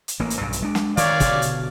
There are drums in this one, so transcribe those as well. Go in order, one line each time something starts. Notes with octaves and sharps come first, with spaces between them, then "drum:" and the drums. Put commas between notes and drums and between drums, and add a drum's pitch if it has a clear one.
drum: hi-hat
A1 A#3
drum: hi-hat
B1 G2 A#2
drum: hi-hat
G#3 D4
drum: snare
D#3 C#5 D5 F5, drum: hi-hat
B2 D3, drum: kick, hi-hat
drum: hi-hat